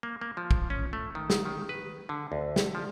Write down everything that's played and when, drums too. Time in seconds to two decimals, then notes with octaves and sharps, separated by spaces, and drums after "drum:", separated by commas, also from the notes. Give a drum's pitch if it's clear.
0.03 A#3
0.21 A#3
0.37 F3
0.51 drum: kick
0.70 C#4
0.93 A3
1.15 D#3
1.30 drum: snare
1.46 D#3
1.69 B4
2.09 D3
2.32 D2
2.56 drum: snare
2.75 F3